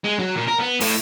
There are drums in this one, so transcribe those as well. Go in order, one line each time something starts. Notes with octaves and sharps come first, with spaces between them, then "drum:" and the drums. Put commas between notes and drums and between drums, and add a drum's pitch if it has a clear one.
G#3
F#3
A#2
A#4
B3
A2, drum: open hi-hat